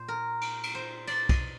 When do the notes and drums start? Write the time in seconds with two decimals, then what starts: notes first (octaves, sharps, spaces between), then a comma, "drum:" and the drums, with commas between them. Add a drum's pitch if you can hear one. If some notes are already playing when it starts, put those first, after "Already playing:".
Already playing: A#2 C5
0.08 A#4
0.41 drum: cymbal
0.63 drum: cymbal
0.75 C5
1.07 D5, drum: cymbal
1.29 D#5, drum: kick, cymbal